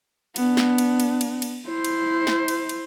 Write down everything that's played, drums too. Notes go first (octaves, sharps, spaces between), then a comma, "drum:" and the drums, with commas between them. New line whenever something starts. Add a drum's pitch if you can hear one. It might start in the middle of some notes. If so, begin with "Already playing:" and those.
B3 D4, drum: cymbal
drum: snare
drum: cymbal
drum: cymbal
drum: cymbal
drum: cymbal
E4 C5
drum: cymbal
drum: snare
drum: cymbal
drum: cymbal